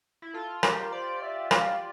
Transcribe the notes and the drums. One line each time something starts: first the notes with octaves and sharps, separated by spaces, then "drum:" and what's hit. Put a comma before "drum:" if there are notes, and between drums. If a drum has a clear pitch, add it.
E4
F4 A4
G4 A#4, drum: rim click
C5 D5
E5
F5, drum: rim click